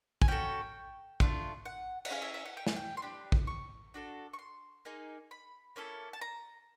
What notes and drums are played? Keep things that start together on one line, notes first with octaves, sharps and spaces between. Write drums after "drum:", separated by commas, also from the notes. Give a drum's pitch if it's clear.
G#5, drum: kick
C#4 F#4 A4 G5
A3 D4 F4, drum: kick
F#5
F#5, drum: cymbal
C#4 E4 G#4 F5
E5
E5
F#5
G5
G#5, drum: snare
G5
C6
D4 G4 B5
drum: kick
C#6
D4 F#4 A4
C#6
C6
A#3 D#4 G#4
B5
A#3 C#4 E4 A4
A5
A#5